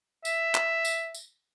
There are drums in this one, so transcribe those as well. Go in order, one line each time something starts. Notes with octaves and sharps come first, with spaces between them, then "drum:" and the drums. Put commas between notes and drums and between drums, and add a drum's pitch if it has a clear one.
E5, drum: tambourine
drum: clap
drum: tambourine
drum: tambourine